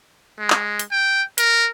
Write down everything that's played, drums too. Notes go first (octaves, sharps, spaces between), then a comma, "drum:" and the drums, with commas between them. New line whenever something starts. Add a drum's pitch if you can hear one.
G#3
drum: clap
drum: hi-hat
G5
A#4, drum: hi-hat